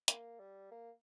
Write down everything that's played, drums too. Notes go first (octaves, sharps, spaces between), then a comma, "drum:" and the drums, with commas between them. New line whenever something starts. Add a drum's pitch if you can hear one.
A#3, drum: hi-hat
G3
A#3